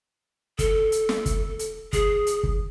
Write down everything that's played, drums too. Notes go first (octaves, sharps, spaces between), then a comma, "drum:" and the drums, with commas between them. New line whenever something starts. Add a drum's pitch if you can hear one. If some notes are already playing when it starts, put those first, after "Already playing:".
A4, drum: kick, hi-hat
drum: hi-hat
drum: snare
drum: kick, hi-hat
drum: hi-hat
G#4, drum: kick, hi-hat
drum: hi-hat
drum: kick